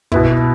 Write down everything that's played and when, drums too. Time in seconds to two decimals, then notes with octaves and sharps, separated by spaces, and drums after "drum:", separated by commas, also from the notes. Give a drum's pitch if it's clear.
0.12 B2 B3 E4, drum: kick